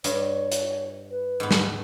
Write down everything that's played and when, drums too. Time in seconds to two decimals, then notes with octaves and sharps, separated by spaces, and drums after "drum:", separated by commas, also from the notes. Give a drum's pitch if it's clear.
0.04 G2 C#5, drum: hi-hat
0.52 drum: hi-hat
1.10 B4
1.40 G#2 B3
1.51 drum: snare